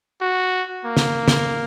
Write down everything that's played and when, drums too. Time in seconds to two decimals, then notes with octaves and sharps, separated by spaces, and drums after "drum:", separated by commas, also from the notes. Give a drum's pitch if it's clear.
0.21 F#4
0.85 A#3
0.97 drum: snare
1.28 drum: snare